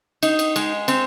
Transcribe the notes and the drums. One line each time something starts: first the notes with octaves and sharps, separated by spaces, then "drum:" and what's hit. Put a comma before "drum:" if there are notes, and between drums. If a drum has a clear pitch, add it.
D#4, drum: cymbal
drum: cymbal
G#3, drum: cymbal
C4, drum: cymbal